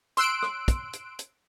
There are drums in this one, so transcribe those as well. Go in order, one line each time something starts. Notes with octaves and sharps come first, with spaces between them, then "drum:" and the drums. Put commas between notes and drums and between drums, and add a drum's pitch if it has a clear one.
C6 E6 F#6 D7, drum: hi-hat
drum: rim click
drum: kick, hi-hat
drum: hi-hat
drum: hi-hat